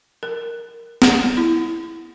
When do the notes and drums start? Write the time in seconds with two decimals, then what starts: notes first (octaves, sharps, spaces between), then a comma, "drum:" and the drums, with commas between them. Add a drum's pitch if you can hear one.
0.23 A#4
1.02 F#5, drum: snare
1.37 E4